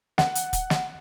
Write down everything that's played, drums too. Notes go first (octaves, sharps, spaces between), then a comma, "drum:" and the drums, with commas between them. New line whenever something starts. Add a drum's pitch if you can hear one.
F#5, drum: snare
drum: hi-hat
drum: kick, hi-hat
drum: snare